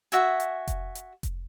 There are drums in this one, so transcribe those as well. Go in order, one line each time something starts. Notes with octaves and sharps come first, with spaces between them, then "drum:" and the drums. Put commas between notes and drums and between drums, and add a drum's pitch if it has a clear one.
F#4 E5 G#5, drum: hi-hat
drum: hi-hat
drum: kick F1, hi-hat
drum: hi-hat
drum: kick F1, hi-hat